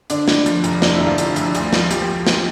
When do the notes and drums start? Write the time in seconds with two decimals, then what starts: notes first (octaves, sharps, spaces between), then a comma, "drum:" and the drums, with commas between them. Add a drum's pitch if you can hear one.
0.10 D3 D4, drum: hi-hat
0.28 D3, drum: snare
0.46 F3, drum: hi-hat
0.64 F1, drum: hi-hat
0.82 F1 D4, drum: snare
0.94 E4
1.00 F1
1.07 F4
1.18 D3, drum: hi-hat
1.36 F2, drum: hi-hat
1.55 D2, drum: hi-hat
1.73 F3, drum: snare
1.91 F3 G4, drum: hi-hat
2.02 G4
2.27 drum: snare